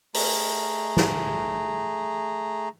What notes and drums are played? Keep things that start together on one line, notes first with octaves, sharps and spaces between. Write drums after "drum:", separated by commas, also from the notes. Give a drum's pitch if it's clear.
A3 G#4 A#5, drum: open hi-hat
drum: snare